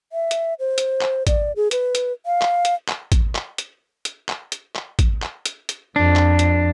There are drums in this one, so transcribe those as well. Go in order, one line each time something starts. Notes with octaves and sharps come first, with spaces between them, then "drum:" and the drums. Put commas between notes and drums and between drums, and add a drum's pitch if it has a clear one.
E5
drum: hi-hat
C5
drum: hi-hat
drum: clap
D5, drum: kick, hi-hat
G#4
B4, drum: hi-hat
drum: hi-hat
F5
drum: clap
drum: hi-hat
drum: clap
drum: kick, hi-hat
drum: clap
drum: hi-hat
drum: hi-hat
drum: clap
drum: hi-hat
drum: clap
drum: kick, hi-hat
drum: clap
drum: hi-hat
drum: hi-hat
F2 D4
drum: clap
drum: hi-hat